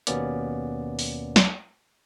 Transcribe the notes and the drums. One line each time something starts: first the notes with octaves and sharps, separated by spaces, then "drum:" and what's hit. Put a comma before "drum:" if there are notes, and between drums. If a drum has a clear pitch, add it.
D#2 B2 A#3 B3 C#4 D5, drum: hi-hat
drum: open hi-hat
drum: snare